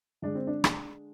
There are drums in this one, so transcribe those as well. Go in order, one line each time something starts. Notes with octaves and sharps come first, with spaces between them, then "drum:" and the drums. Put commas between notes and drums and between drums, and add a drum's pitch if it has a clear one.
D3 G#3 D4
C4
D4
drum: rim click